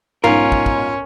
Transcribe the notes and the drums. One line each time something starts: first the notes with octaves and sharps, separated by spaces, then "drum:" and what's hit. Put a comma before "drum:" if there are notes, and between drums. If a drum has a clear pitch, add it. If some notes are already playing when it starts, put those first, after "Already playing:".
B1 G#2 C#4 F4 A#4
drum: kick
drum: kick